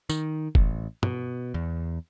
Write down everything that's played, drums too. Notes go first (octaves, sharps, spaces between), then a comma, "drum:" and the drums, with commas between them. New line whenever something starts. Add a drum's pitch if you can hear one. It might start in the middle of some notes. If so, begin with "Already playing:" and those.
D#3, drum: tambourine
A1, drum: kick F1
B2, drum: tom
E2